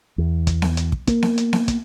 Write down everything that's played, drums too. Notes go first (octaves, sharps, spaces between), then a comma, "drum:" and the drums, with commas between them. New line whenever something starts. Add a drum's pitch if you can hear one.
E2
drum: kick, hi-hat
drum: snare B3
drum: hi-hat
drum: kick
A#3, drum: kick, hi-hat
drum: snare B3
drum: hi-hat
drum: snare B3
drum: kick, hi-hat